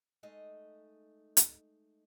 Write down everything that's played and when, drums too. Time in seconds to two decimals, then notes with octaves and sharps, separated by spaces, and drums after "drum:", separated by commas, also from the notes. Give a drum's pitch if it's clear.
0.23 G#3 A3 D#4 D#5
1.37 drum: hi-hat